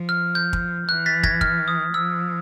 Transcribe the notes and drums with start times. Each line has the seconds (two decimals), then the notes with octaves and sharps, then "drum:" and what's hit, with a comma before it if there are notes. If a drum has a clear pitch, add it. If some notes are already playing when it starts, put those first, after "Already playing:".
Already playing: F3
0.09 F6
0.35 G6
0.53 drum: kick
0.88 E3 F#6
1.06 A6 B6
1.23 G#6 A#6, drum: kick
1.41 F6, drum: kick
1.68 D#6
1.94 F3 E6